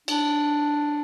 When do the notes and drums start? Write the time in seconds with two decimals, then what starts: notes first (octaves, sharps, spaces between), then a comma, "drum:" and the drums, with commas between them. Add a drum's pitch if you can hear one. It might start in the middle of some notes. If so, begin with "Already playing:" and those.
0.08 D4, drum: cymbal